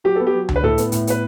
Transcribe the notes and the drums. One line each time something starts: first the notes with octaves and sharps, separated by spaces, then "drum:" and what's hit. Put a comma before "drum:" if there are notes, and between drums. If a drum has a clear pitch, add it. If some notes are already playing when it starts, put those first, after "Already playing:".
F#3 G4
B3 A4
G4
F#3
D3, drum: tom C#2
B4
A2 A4
B3, drum: hi-hat
A2, drum: hi-hat
B3 B4, drum: hi-hat